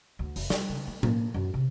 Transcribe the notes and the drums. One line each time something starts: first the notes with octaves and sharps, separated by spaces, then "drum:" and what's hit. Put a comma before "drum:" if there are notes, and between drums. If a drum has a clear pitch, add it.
D2
F1, drum: open hi-hat
G3, drum: snare
C#3
A3
A#3, drum: tom A2
F#2
C3